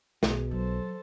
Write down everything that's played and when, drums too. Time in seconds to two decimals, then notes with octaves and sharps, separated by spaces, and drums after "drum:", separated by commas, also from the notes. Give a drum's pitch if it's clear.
0.23 B1 B2 G#4, drum: snare
0.51 F#3 A4 C5